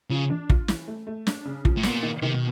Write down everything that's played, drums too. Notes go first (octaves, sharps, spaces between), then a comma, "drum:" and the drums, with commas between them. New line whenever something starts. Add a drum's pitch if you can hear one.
C#3 F3
D4
F4, drum: kick
E3, drum: snare
A3
A3
D4, drum: snare
C#3
F3, drum: kick
A2
A#2 B3, drum: snare
D#3
C3 D#3
B2